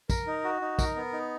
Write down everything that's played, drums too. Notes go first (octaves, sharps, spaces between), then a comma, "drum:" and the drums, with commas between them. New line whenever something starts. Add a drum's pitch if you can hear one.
A#4, drum: kick, tambourine
D#4
F#4
D#4
A#4, drum: kick, tambourine
B3
D#4